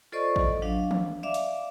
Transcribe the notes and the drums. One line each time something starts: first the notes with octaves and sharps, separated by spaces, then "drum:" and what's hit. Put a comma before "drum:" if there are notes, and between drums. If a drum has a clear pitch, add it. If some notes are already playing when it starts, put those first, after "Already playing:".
F4 A4 C5 D5 D#5 C#6
drum: kick A1
F#3 D4 F5
drum: tom D#3
D5 E5 F5 D6
drum: hi-hat